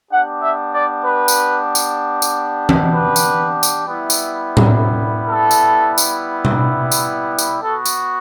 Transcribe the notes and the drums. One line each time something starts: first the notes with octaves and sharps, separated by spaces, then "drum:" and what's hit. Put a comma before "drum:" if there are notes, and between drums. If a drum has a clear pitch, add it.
B3 D4 G4 F#5
E5
D5
B4
drum: tambourine
drum: tambourine
drum: tambourine
drum: tom E3
B4
drum: tambourine
drum: tambourine
G3 B3 E4
drum: tambourine
drum: tom A2
A4
drum: tambourine
drum: tambourine
drum: tom B2
drum: tambourine
drum: tambourine
B3 F#4 A4
drum: tambourine